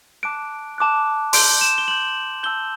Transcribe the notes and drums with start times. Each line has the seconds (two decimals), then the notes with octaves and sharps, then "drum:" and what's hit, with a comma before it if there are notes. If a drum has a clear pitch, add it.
0.23 A5 D6 F#6 D7
0.78 A5 D6 F#6
1.33 C6 G6 D7, drum: open hi-hat
1.61 E7
1.78 G7
1.88 C6 G6 F#7
2.43 A5 E6 G6 G7